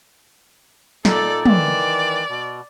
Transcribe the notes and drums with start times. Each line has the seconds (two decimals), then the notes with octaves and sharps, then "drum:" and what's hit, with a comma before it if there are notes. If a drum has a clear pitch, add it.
1.05 A#2 D#4 A4 D5, drum: snare
1.45 D#3 E3 D5, drum: tom
2.29 B2